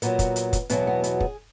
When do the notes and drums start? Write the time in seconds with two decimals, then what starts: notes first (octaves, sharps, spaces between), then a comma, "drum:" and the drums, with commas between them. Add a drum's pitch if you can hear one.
0.02 A#2 F#3 B3, drum: hi-hat
0.19 drum: kick, hi-hat
0.36 drum: hi-hat
0.53 drum: kick, hi-hat
0.69 E2 B2 F#3 B3, drum: hi-hat
0.87 B3
1.04 B3, drum: hi-hat
1.20 G#4, drum: kick